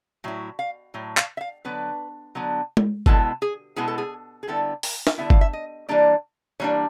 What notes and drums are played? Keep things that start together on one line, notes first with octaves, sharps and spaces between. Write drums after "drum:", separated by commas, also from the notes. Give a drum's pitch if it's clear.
A2 F#3 E4
F5
A2 F#3
F5, drum: clap
E5
F5
D3 F#3 B3 B4
D3 F#3 B3
drum: tom G#3
B2 G#3 B3 E4 A4, drum: kick G1
G#4
B2 G#3 B3 E4 G#4
A4
G#4
G#4
D3 G3 B3 E4 A4
A#4, drum: open hi-hat
drum: snare
D3 G3 B3 E4 E5
F5, drum: kick G1
E5
D#5
E3 G3 A#3 D4 D5
E3 G3 A#3 D4 C#5